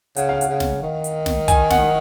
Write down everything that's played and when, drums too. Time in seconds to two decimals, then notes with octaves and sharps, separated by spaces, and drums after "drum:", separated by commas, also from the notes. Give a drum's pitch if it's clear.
0.16 C#3 F#5, drum: hi-hat
0.29 F5
0.41 F#5, drum: hi-hat
0.49 C#3
0.60 drum: snare
0.83 D#3
1.04 drum: hi-hat
1.26 drum: snare
1.48 G#5, drum: kick, hi-hat
1.70 F#5, drum: snare